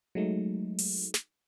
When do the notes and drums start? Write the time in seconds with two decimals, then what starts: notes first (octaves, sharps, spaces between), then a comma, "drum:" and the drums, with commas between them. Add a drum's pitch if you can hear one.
0.15 F#3 G#3 A3 D#4
0.79 drum: open hi-hat
1.14 drum: snare